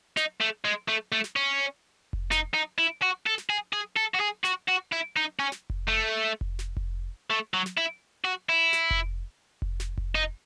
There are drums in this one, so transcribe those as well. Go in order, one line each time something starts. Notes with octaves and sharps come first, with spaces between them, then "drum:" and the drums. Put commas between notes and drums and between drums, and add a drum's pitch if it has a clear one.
D#4, drum: snare
A3
G#3
A3
A3
drum: snare
C#4
drum: kick F1
D#4, drum: snare
D#4
E4
F#4
A4
drum: snare
G#4
G#4
A4
F#4
G#4
F#4, drum: snare
F#4
E4
D#4
C#4
drum: snare
drum: kick F1
A3
drum: kick F1
drum: snare
drum: kick F1
A3
F#3
drum: snare
E4
F#4
E4
drum: snare
drum: kick F1
drum: kick F1
drum: snare
drum: kick F1
D#4